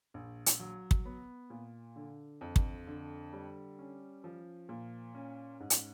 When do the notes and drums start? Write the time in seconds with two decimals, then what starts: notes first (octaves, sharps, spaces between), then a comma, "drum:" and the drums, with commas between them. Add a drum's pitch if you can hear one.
0.14 A#1
0.46 drum: hi-hat
0.60 F#3
0.91 drum: kick
1.05 B3
1.50 A#2
1.96 D3
2.41 F2
2.56 drum: kick
2.87 D3
3.33 G3
3.79 C#4
4.24 F3
4.69 A#2
5.15 C#4
5.60 G#2
5.70 drum: hi-hat